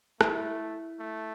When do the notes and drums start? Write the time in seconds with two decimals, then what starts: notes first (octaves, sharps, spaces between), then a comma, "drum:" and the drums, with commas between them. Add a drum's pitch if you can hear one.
0.21 A3 E4, drum: rim click
0.99 A3